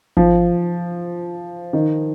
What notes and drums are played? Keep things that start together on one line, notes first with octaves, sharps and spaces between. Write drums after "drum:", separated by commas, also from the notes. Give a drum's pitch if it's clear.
F3, drum: kick G#1
D#3